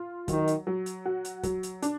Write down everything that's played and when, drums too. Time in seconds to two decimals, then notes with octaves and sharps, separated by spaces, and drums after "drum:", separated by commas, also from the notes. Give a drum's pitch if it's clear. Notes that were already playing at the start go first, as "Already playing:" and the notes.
Already playing: F4
0.28 D#3 F#3, drum: kick, hi-hat
0.47 drum: hi-hat
0.67 F#3
0.86 drum: hi-hat
1.05 F#4
1.25 drum: hi-hat
1.43 F#3, drum: kick, hi-hat
1.63 drum: hi-hat
1.82 D4, drum: hi-hat